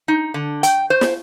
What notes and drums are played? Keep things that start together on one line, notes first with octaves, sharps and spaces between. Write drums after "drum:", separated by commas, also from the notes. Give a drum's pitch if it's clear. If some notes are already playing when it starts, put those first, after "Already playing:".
D#4
D3
G5, drum: hi-hat
C5
drum: snare